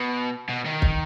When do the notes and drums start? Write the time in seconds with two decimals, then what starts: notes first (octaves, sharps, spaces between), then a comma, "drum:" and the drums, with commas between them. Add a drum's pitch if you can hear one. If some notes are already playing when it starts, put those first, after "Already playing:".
Already playing: B2
0.49 B2
0.66 D#3
0.82 drum: kick